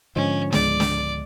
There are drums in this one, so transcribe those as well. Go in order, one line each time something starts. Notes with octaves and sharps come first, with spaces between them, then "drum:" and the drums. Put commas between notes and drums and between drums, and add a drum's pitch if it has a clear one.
G#2 D3 F3 C#4 D#5
C#2 G#3 B3 D5, drum: snare
drum: snare